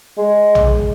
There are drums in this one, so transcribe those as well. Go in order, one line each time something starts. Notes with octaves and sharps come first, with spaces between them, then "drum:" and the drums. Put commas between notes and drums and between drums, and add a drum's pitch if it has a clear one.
G#3
drum: tom